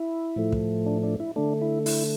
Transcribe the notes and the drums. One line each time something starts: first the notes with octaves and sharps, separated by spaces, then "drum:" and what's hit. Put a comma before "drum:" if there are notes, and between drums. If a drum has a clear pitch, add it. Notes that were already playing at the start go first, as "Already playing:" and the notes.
Already playing: E4
A2 F3 A3
drum: kick
D4
D4
E4
D3 A3 D4
E4
E4, drum: open hi-hat